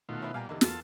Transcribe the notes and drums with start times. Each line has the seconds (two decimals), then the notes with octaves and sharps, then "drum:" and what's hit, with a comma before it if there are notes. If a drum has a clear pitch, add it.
0.09 B2 D#3 A3 F4 F#6
0.20 C#4 E4 B4
0.34 A#2 G3 F5 G#5 A#5
0.49 E2 D3 A#3 D#4 G4 E6
0.61 E2 F4 A4 A#4 A5, drum: snare